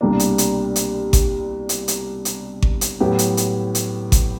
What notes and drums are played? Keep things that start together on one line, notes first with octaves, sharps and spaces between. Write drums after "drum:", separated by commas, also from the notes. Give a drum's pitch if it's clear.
C2 B2 G3 A#3 D4
drum: hi-hat
drum: hi-hat
drum: hi-hat
drum: kick G#1, hi-hat
drum: hi-hat
drum: hi-hat
drum: hi-hat
drum: kick G#1
drum: hi-hat
A2 F#3 B3 E4 G4
drum: hi-hat
drum: hi-hat
drum: hi-hat
drum: kick G#1, hi-hat